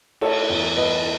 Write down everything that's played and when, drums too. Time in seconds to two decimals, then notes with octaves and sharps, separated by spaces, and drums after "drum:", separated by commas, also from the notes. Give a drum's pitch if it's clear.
0.21 A3 A4 C#5, drum: cymbal
0.49 E2
0.77 E2 B4 D#5